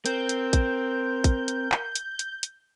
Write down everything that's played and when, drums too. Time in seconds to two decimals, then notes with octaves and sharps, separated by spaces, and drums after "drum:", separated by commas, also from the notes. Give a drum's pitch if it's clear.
0.06 C4 A#4 G6, drum: hi-hat
0.29 drum: hi-hat
0.53 drum: kick, hi-hat
1.24 drum: kick, hi-hat
1.48 drum: hi-hat
1.72 drum: clap
1.96 drum: hi-hat
2.19 drum: hi-hat
2.43 drum: hi-hat